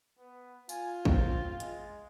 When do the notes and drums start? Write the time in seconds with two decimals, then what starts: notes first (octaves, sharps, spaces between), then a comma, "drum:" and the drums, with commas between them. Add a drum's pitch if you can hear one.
0.19 B3
0.69 F4 G#5, drum: tambourine
1.05 C4, drum: kick
1.60 G#3, drum: hi-hat